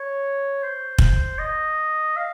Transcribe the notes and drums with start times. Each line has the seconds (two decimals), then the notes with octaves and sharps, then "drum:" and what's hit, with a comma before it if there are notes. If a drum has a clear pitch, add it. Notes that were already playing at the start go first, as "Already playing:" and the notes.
Already playing: C#5
0.63 C5
0.98 drum: kick
1.38 D#5
2.16 F5